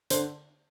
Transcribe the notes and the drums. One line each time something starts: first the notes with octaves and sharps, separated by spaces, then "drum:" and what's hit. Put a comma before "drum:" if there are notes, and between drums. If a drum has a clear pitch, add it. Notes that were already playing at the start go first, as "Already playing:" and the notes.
D3 C5, drum: hi-hat